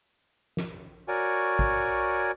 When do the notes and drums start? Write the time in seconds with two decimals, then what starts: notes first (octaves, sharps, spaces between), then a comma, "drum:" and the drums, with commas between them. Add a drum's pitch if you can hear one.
0.57 drum: snare
1.08 F#4 A#4 C#5 D5 G#5
1.59 drum: kick